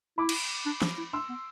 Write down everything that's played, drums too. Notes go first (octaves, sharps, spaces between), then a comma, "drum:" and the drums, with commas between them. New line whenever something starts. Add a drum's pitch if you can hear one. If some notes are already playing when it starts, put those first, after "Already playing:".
E4 B5 D6
drum: cymbal
D4
D4, drum: snare
E4
D4 C6 E6
B3